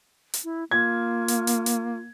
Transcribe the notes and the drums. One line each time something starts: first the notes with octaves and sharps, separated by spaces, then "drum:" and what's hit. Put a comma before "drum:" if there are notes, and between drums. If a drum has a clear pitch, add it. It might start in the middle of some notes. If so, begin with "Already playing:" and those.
drum: hi-hat
E4
A#3 F4 G#6
drum: hi-hat
drum: hi-hat
drum: hi-hat